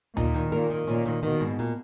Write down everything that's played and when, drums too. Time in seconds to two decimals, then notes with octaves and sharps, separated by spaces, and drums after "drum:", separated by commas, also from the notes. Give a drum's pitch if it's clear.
0.17 A#2 D#4, drum: tom D2
0.34 D#3
0.52 A#2 A#4
0.70 D#3
0.87 A#2 C#4, drum: hi-hat
1.06 D#3
1.23 B2 D#3
1.41 G#2
1.59 A#2